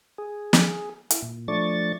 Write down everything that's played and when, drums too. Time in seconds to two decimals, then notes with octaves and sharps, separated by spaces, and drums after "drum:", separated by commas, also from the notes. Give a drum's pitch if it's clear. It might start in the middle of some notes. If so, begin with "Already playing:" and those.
0.18 G#4
0.53 drum: snare
1.11 E4, drum: hi-hat
1.22 A#2
1.48 F3 A3 D4 D5 C#6 A6